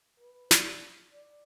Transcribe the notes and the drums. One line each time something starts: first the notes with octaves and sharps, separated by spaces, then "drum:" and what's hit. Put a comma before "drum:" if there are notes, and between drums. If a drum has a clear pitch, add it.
B4
D5, drum: snare
D5